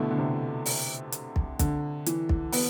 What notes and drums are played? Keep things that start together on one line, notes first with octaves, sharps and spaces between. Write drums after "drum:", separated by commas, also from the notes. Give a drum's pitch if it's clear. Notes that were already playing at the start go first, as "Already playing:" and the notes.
Already playing: B2 D3 A3 E4
D3
C3
drum: open hi-hat
drum: hi-hat
drum: kick
D3, drum: kick, hi-hat
E3, drum: hi-hat
drum: kick
B3, drum: open hi-hat